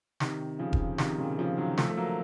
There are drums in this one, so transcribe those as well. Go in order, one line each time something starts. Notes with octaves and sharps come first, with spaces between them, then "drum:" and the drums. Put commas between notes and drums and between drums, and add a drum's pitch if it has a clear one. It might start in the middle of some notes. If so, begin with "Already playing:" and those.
C3 D#3, drum: snare
C#3 F3
drum: kick E1
C3 D#3, drum: snare
A#2 C#3
C#3 F3
D#3 F#3
F3 A3, drum: snare
A3
F#3 A#3